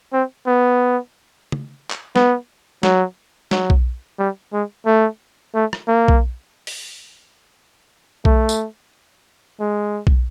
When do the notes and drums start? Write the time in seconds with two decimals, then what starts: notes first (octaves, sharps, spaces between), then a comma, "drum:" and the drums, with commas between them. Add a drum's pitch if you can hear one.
0.13 C4
0.47 B3
1.52 drum: tom C#3
1.91 drum: clap
2.16 B3, drum: snare
2.83 F#3, drum: snare
3.51 F#3, drum: snare
3.70 drum: kick B1
4.19 G3
4.53 G#3
4.86 A3
5.55 A3
5.73 drum: rim click
5.88 A#3
6.08 drum: kick B1
6.67 drum: open hi-hat
8.25 A3, drum: kick B1
8.49 drum: tambourine
9.60 G#3
10.07 drum: kick B1